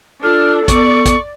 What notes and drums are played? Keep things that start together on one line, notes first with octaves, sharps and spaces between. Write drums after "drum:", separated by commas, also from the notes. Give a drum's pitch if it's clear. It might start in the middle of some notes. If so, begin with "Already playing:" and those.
D4 F4 A4 F6
B3 D5 C#6, drum: kick, hi-hat
drum: kick, hi-hat